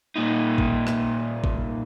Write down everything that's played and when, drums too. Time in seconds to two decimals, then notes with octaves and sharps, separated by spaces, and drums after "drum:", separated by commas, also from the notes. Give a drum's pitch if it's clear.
0.16 A#2 D#4
0.58 drum: kick G#1
0.87 drum: rim click
1.44 drum: kick G#1